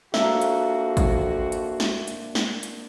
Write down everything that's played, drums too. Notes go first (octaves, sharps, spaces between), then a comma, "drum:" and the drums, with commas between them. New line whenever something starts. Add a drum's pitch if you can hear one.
F2 A#3 D4 F#4 E5, drum: snare
drum: hi-hat
drum: kick, hi-hat
drum: hi-hat
drum: snare
drum: hi-hat
drum: snare
drum: hi-hat